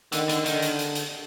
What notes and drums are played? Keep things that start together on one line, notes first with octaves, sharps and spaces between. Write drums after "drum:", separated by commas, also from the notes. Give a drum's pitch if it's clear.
D3 D#3, drum: hi-hat
D3, drum: hi-hat
D3 D#3, drum: hi-hat
drum: hi-hat
drum: hi-hat
drum: hi-hat